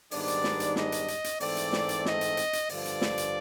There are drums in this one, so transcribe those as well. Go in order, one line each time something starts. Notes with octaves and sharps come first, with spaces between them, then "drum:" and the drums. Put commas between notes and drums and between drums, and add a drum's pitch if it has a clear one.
G#2 D#3 G3 B3 D4 D5, drum: open hi-hat
drum: hi-hat
drum: snare
drum: hi-hat
D#5, drum: snare
drum: hi-hat
drum: hi-hat
drum: hi-hat
G#2 E3 A3 C4 D5, drum: open hi-hat
drum: hi-hat
drum: snare
drum: hi-hat
D#5, drum: snare
drum: hi-hat
drum: hi-hat
drum: hi-hat
G2 D3 F3 D5, drum: open hi-hat
drum: hi-hat
drum: snare
drum: hi-hat